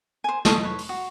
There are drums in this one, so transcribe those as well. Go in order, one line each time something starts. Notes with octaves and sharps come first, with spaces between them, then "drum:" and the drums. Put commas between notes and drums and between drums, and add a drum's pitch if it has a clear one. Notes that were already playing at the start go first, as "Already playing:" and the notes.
C5 G#5
D#5 A5 C6 C#6, drum: snare
B4 C#5
drum: open hi-hat
F#4